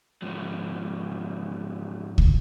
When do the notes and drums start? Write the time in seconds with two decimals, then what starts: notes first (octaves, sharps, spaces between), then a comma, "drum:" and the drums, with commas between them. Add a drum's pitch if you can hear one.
0.22 G#2 F3 F#3
2.18 drum: kick